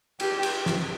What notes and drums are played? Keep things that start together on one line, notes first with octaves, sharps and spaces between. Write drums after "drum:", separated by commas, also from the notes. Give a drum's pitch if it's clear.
G4, drum: cymbal
drum: cymbal
drum: snare